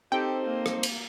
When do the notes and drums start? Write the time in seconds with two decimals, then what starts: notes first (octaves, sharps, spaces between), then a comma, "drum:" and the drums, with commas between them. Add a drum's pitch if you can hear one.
0.12 C4 D#4 G4 A4 C5 G5
0.45 A#3
0.66 drum: rim click
0.83 drum: cymbal